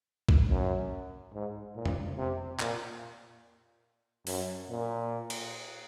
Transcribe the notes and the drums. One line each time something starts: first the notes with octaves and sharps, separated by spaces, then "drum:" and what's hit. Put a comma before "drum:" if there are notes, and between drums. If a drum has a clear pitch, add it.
drum: kick A#1
F#2
G#2
A#2
drum: tom F2
C3
A#2, drum: clap
F#2, drum: open hi-hat
A#2
drum: cymbal